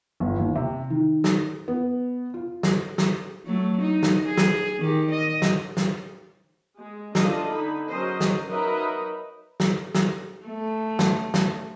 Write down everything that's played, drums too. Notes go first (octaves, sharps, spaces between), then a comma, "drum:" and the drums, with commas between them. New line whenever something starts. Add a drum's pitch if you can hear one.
G1
D#2
C3
D#3
drum: snare
B3
F4
drum: snare
drum: snare
F#3 A3
D#4
drum: snare
G#4
drum: snare
D#3 G4
D#5
drum: snare
drum: snare
G#3
D4 F4 A4 D#5, drum: snare
D3 D#4 B5
F#3 C#4 G#4 A#4 C5 D#5
drum: snare
F#3 D#4 A#4 B4 D#5 E5
drum: snare
drum: snare
A3
drum: snare
drum: snare